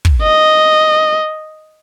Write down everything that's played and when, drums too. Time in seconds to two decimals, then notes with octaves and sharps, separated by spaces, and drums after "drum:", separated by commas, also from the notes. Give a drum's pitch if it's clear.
0.05 drum: kick
0.22 D#5